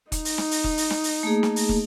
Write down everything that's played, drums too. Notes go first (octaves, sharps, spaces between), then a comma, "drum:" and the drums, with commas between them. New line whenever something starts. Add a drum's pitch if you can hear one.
D#4, drum: kick, hi-hat
drum: open hi-hat
drum: snare
drum: open hi-hat
drum: kick
drum: open hi-hat
drum: snare
drum: open hi-hat
A3 A#3 G#4
drum: snare
drum: open hi-hat
drum: kick